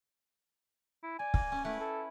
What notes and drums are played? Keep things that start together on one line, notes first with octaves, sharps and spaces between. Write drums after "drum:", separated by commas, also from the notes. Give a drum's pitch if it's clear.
E4
D5 G#5
A#3, drum: kick
C#4
A3 E4 B4 F#5
A4